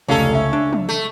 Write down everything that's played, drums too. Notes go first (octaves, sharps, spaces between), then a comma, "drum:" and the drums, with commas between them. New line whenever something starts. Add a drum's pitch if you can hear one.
F1 C#2 C#4 A4 F5
E5
D4
drum: tom
A3